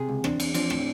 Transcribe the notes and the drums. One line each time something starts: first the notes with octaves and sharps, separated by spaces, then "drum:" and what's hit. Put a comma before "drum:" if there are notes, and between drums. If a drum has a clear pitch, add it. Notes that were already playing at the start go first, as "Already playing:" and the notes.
Already playing: C3 G#4
C#2
E2 C4 D4, drum: rim click
E2, drum: cymbal
F3 C4 D4, drum: cymbal
A2, drum: rim click